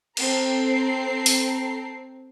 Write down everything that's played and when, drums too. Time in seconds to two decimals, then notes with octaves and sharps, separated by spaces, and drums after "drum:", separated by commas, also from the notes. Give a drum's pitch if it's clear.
0.17 C4 A4 A#5 C7, drum: cymbal
1.26 drum: open hi-hat